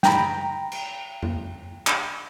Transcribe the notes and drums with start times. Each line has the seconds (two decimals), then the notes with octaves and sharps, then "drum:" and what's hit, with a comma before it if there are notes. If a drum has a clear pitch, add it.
0.03 G5 A#5 B5, drum: snare
0.72 drum: cymbal
1.22 drum: tom F2
1.87 drum: clap